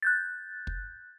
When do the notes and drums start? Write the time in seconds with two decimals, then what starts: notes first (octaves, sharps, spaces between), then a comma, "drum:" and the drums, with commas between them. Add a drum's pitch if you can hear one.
0.03 F#6 G6 A6
0.67 drum: kick